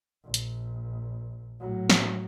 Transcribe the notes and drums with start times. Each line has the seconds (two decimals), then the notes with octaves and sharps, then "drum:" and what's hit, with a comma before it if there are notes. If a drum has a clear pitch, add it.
0.24 A#1
0.34 drum: hi-hat
1.60 A2 F#3
1.90 drum: snare